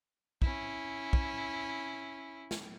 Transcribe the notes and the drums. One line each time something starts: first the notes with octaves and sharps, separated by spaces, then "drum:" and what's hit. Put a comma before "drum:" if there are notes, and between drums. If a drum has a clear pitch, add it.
C#4 E4, drum: kick
drum: kick
drum: snare